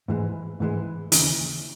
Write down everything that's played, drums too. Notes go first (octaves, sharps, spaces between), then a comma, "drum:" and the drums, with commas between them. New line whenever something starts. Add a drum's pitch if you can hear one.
G#2 E3 G#3
G#2 E3 G#3
D#2 C#3 E3, drum: hi-hat